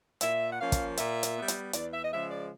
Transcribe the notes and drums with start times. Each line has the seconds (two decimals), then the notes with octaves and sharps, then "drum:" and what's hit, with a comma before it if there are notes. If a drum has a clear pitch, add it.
0.21 A#2 E5, drum: hi-hat
0.53 F#5
0.59 F3 A#3 C#4 F5
0.72 drum: kick, hi-hat
0.97 A#2 E5, drum: hi-hat
1.23 drum: hi-hat
1.36 G3 B3
1.48 drum: hi-hat
1.73 E2 D5, drum: hi-hat
1.92 E5
2.04 D#5
2.11 C#3 F3 G#3 E5
2.31 D5